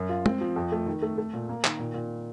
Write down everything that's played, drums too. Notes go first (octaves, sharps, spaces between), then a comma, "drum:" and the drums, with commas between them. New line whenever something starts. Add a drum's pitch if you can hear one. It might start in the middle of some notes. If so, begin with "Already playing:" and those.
Already playing: F#2
F4
C4, drum: tom G#3
F3
F2
A3
D#3
A3
A3
A#2
A#3
D#3, drum: clap
A#2
A#2